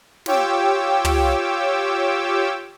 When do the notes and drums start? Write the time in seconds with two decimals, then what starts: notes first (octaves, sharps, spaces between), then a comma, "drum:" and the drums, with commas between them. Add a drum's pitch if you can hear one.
0.26 F4 G4 C#5 G5 D6 E6, drum: snare
1.05 drum: tom